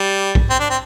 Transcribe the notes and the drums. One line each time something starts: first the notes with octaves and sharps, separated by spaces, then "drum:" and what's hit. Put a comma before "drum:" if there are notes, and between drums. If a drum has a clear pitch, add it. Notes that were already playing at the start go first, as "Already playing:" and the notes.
Already playing: G3
drum: kick A#1
C4
D4
C4